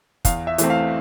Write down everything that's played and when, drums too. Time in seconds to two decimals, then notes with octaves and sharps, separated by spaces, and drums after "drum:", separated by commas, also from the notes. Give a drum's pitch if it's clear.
0.25 E2 F5, drum: kick, hi-hat
0.47 E5
0.58 E3 A3 C4, drum: hi-hat
0.70 F5